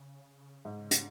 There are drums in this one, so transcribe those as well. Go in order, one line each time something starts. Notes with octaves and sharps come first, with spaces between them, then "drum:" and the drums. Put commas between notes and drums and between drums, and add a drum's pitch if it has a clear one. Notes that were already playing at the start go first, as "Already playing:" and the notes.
Already playing: C#3
G#2
drum: hi-hat